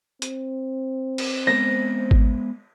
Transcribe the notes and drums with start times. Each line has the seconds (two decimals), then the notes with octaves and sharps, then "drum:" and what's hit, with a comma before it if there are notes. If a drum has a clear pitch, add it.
0.22 C4, drum: hi-hat
1.18 drum: cymbal
1.47 G#3 B3 C5 A#6
2.11 drum: kick G#1